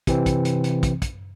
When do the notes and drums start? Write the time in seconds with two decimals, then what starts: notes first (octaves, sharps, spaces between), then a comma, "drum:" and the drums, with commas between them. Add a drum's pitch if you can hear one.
0.07 C3 E3 C4, drum: kick, hi-hat
0.26 drum: kick, hi-hat
0.45 drum: hi-hat
0.64 drum: hi-hat
0.83 drum: kick, hi-hat
1.02 drum: kick, hi-hat